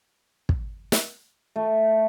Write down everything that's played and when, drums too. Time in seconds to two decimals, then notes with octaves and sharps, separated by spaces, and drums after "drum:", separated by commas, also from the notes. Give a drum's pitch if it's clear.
0.49 drum: kick
0.92 drum: snare
1.56 A3